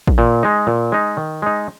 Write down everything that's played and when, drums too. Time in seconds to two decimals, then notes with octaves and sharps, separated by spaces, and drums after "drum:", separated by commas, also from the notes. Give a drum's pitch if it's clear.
0.07 drum: kick
0.18 A#2
0.43 G#3 D#4
0.67 A#2
0.92 G#3 D#4
1.17 D#3
1.42 G#3 D#4